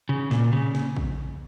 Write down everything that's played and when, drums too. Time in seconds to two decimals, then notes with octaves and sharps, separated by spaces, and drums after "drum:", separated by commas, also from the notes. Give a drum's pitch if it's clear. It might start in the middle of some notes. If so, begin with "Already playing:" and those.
0.09 C#3
0.31 A#2, drum: snare
0.53 C#3
0.75 drum: snare
0.97 drum: kick